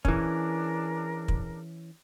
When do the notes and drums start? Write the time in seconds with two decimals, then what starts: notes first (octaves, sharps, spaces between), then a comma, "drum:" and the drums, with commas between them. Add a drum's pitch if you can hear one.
0.05 E3 C#4 D4 G#4 A#4, drum: kick
1.28 drum: kick